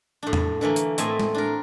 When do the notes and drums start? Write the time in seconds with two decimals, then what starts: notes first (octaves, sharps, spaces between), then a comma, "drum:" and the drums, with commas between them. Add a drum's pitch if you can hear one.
0.23 A2 D4
0.33 drum: tom E2
0.61 D3 E3 A3 A#3
0.76 drum: hi-hat
0.98 A2 A3 C4 E4 D#5 G#5, drum: hi-hat
1.20 drum: tom G#3
1.34 D4 A#4